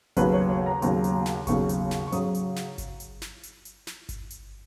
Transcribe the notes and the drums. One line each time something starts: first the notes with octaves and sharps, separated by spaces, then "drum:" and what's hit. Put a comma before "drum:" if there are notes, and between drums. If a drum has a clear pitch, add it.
D#2 C#3 F#3 B4, drum: kick G1, hi-hat
C#5
C#5
A#5
D#2 C#3 F#3, drum: hi-hat
drum: hi-hat
drum: snare
D#2 C#3 F#3 C#6, drum: kick G1, hi-hat
drum: hi-hat
drum: snare
C#6
C#3 F#3 D#6, drum: hi-hat
drum: hi-hat
drum: snare
drum: kick G1, hi-hat
drum: hi-hat
drum: snare
drum: hi-hat
drum: hi-hat
drum: snare
drum: kick G1, hi-hat
drum: hi-hat